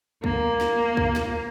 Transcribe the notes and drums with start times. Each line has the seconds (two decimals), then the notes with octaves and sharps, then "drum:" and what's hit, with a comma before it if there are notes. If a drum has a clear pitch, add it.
0.24 A#3, drum: kick
0.60 drum: snare
0.97 drum: kick
1.16 drum: snare